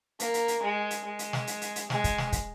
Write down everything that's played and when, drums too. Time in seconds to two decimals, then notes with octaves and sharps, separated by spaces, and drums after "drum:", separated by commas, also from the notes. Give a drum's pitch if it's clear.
0.20 A#3, drum: hi-hat
0.34 drum: hi-hat
0.48 drum: hi-hat
0.62 G#3
0.91 drum: hi-hat
1.05 G#3
1.19 drum: hi-hat
1.33 drum: snare
1.47 drum: hi-hat
1.61 drum: hi-hat
1.76 drum: hi-hat
1.90 G#3, drum: snare
2.04 drum: kick, hi-hat
2.18 drum: snare
2.32 drum: kick, hi-hat